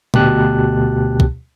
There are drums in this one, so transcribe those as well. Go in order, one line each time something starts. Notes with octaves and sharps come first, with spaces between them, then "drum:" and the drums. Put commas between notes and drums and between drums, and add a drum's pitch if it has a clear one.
D2 B2 G4 A5 F#6, drum: tom A#2
drum: kick